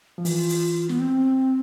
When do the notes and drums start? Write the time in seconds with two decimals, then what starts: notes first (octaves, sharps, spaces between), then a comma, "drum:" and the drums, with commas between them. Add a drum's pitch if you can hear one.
0.18 F3
0.25 E3 F4, drum: open hi-hat
0.49 drum: open hi-hat
0.89 B3, drum: snare
0.99 C4